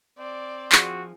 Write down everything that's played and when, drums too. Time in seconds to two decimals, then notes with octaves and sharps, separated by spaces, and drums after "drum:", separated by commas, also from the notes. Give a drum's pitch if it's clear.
0.19 C4 D5
0.72 F3 F#4 G#4, drum: clap